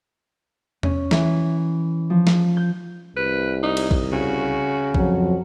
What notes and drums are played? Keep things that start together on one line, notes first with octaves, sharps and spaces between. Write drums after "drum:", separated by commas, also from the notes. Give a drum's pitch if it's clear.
C#4, drum: tom E2
E3, drum: snare
F3
drum: snare
G6
C2 B4
D#4
drum: cymbal
drum: kick A#1
C#3 F#4
F2 F3 F#3, drum: kick A#1